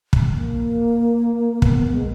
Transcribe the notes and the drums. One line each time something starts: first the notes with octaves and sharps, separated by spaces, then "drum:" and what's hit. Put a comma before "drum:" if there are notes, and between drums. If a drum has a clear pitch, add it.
drum: kick
A#3
B3, drum: kick
B3
G#3